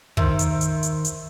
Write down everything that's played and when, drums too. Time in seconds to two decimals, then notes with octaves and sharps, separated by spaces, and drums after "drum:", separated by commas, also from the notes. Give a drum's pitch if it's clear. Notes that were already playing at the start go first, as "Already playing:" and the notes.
0.17 D#3 C5 E5, drum: kick
0.39 drum: hi-hat
0.61 drum: hi-hat
0.83 drum: hi-hat
1.05 drum: hi-hat